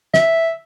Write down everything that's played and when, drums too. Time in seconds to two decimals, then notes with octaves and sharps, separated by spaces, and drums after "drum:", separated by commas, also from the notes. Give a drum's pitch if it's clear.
0.14 E5, drum: snare